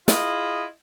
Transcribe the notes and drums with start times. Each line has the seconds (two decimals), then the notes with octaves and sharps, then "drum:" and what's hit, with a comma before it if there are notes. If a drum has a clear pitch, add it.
0.08 E4 F4 G#4 D#5, drum: snare